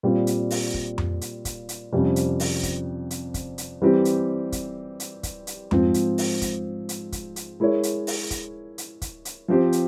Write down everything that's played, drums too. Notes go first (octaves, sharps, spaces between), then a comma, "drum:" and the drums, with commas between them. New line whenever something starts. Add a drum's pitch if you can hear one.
A#2 G3 C4 F4
drum: hi-hat
drum: open hi-hat
drum: kick
drum: tom F2
drum: hi-hat
drum: kick, hi-hat
drum: hi-hat
F2 C3 G3 C#4
drum: hi-hat
drum: open hi-hat
drum: kick, hi-hat
drum: hi-hat
drum: kick, hi-hat
drum: hi-hat
E3 G3 C4 G4
drum: hi-hat
drum: kick, hi-hat
drum: hi-hat
drum: kick, hi-hat
drum: hi-hat
G#2 F3 C4, drum: tom F2
drum: hi-hat
drum: open hi-hat
drum: kick, hi-hat
drum: hi-hat
drum: kick, hi-hat
drum: hi-hat
G#3 E4 A#4 C#5
drum: hi-hat
drum: open hi-hat
drum: kick, hi-hat
drum: hi-hat
drum: kick, hi-hat
drum: hi-hat
F3 C4 G4 C5
drum: hi-hat